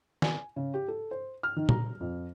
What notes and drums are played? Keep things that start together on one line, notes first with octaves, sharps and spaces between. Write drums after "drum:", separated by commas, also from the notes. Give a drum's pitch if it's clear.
G#5, drum: snare
C#3
G4
A4
C5
F6
D#3
A#5, drum: tom A#2
F2